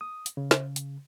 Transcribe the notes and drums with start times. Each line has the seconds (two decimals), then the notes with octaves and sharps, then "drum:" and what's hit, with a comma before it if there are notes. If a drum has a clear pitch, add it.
0.01 D#6
0.26 drum: hi-hat
0.37 C#3
0.51 drum: snare
0.76 drum: hi-hat